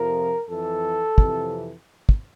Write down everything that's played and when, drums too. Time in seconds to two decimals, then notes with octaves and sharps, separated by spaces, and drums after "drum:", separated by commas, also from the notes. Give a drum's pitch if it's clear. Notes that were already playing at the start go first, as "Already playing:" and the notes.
Already playing: F2 C3 F3 A#4
0.50 F2 E3 A4
1.18 F2 C3 E3, drum: kick
2.09 drum: kick